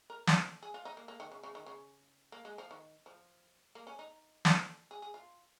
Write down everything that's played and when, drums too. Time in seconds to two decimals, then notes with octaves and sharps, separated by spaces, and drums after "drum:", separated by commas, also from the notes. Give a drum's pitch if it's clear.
0.10 A#4
0.27 drum: snare
0.63 G#4
0.74 F4
0.85 D#4
0.97 A#3
1.08 A#3
1.20 D#3
1.32 C#3
1.43 C#3
1.55 D#3
1.66 C#3
2.32 A#3
2.45 G#3
2.58 F3
2.71 D#3
3.06 F3
3.75 A#3
3.87 C#4
3.99 D#4
4.45 drum: snare
4.91 G#4
5.02 G#4
5.14 F4